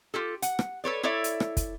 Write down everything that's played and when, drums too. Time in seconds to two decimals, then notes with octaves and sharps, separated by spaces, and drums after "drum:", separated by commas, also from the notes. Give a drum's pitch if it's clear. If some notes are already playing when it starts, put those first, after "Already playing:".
0.14 F4 G4 A4
0.42 F#5, drum: hi-hat
0.59 drum: rim click
0.84 A4 B4 C#5 D5
1.03 E4 A4 C#5 D5 E5
1.24 drum: hi-hat
1.40 drum: rim click
1.57 drum: kick, hi-hat